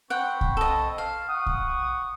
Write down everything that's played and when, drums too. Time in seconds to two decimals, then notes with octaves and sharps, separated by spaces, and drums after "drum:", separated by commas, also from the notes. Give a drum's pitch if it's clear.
0.10 C4 F#5 G5 B5 C#6
0.41 drum: kick B1
0.57 A4 D#5
0.98 F5
1.29 F#5 C#6 D#6
1.46 drum: kick B1